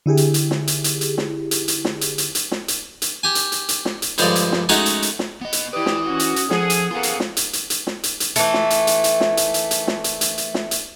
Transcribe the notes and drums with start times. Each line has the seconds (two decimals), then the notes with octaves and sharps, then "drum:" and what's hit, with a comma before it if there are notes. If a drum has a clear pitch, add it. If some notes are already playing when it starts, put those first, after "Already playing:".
0.06 D3 E4 G4 G#4
0.17 drum: hi-hat
0.34 drum: hi-hat
0.51 drum: snare
0.67 drum: hi-hat
0.84 drum: hi-hat
1.01 drum: hi-hat
1.18 drum: snare
1.51 drum: hi-hat
1.68 drum: hi-hat
1.85 drum: snare
2.01 drum: hi-hat
2.18 drum: hi-hat
2.35 drum: hi-hat
2.51 drum: snare
2.68 drum: hi-hat
3.02 drum: hi-hat
3.23 G4 G#5
3.35 drum: hi-hat
3.52 drum: hi-hat
3.69 drum: hi-hat
3.85 drum: snare
4.02 drum: hi-hat
4.18 G2 D3 F3 G#3 D5, drum: hi-hat
4.35 drum: hi-hat
4.52 drum: snare
4.69 G#3 A3 C#4 D#4 F#4 F#5, drum: hi-hat
4.86 drum: hi-hat
5.02 drum: hi-hat
5.19 drum: snare
5.41 B3 D#5
5.53 drum: hi-hat
5.73 E4 G4 B4 D5 D#6
5.86 drum: snare
6.06 C#4 F#4
6.19 drum: hi-hat
6.36 drum: hi-hat
6.51 F3 G#4 A4 F#5, drum: snare
6.70 drum: hi-hat
6.91 A#3 B3 F4 G#4 A4 F#5
7.03 drum: hi-hat
7.20 drum: snare
7.37 drum: hi-hat
7.53 drum: hi-hat
7.70 drum: hi-hat
7.87 drum: snare
8.03 drum: hi-hat
8.20 drum: hi-hat
8.36 E3 A3, drum: hi-hat
8.54 drum: snare
8.70 drum: hi-hat
8.87 drum: hi-hat
9.04 drum: hi-hat
9.21 drum: snare
9.37 drum: hi-hat
9.54 drum: hi-hat
9.71 drum: hi-hat
9.87 drum: snare
10.04 drum: hi-hat
10.21 drum: hi-hat
10.38 drum: hi-hat
10.54 drum: snare
10.71 drum: hi-hat